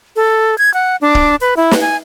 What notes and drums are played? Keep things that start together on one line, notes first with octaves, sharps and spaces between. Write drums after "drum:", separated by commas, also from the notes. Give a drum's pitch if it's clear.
A4
G#6
F#5
D4
drum: kick
B4
E4
drum: snare
G#5